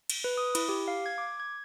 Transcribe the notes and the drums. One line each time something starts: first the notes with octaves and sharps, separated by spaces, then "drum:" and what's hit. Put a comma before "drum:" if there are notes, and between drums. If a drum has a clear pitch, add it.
drum: cymbal
B4
D#6
E4, drum: cymbal
G4
F5
G#6
D6
G#6